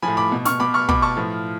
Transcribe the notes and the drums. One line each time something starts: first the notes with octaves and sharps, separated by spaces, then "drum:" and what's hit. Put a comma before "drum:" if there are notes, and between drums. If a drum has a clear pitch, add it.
A2 F3 G#5 B5
B5 D6
B2
C#6 F6, drum: snare
B2 B5 D6
C#6 F6
B2 B5 D6, drum: kick
A5 C#6
A2 F3